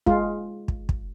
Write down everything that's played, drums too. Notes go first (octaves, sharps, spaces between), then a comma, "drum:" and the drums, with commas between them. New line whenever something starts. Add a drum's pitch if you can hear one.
G#3 F4, drum: kick
drum: kick
drum: kick